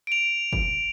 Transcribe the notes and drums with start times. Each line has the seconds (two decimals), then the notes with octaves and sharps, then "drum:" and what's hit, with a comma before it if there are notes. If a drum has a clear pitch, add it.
0.07 D7 F7
0.53 drum: kick